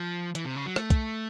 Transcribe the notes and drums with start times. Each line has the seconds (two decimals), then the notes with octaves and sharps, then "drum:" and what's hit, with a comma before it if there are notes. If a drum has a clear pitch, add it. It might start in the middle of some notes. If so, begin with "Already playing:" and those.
Already playing: F3
0.35 E3, drum: hi-hat
0.45 C3
0.56 C#3
0.66 F#3
0.76 A3, drum: rim click
0.90 drum: kick, hi-hat